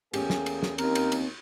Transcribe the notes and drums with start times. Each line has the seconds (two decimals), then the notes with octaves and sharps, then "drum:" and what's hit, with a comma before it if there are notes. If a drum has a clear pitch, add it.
0.14 E2 A3 A#3 C#4 G4 G#4, drum: cymbal
0.30 drum: snare
0.46 drum: cymbal
0.63 drum: snare
0.78 D#2 C4 A#4, drum: cymbal
0.95 drum: cymbal
1.12 drum: cymbal